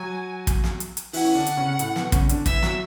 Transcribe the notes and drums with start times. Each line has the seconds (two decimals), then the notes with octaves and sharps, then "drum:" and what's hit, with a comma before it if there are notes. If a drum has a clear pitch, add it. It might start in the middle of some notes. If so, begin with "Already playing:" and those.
Already playing: F#3 F#4 G#5
0.47 drum: kick, hi-hat
0.64 drum: snare
0.80 drum: hi-hat
0.97 drum: hi-hat
1.13 E3 E4 F#5, drum: open hi-hat
1.25 C#4
1.35 D3 D4
1.47 drum: hi-hat
1.57 C#3 C#4
1.79 A2 A3, drum: hi-hat
1.96 B2 B3, drum: snare
2.12 C#3 C#4, drum: kick, hi-hat
2.29 D3 D4, drum: hi-hat
2.46 E3 E4 E5, drum: kick, hi-hat
2.62 F#3 F#4, drum: snare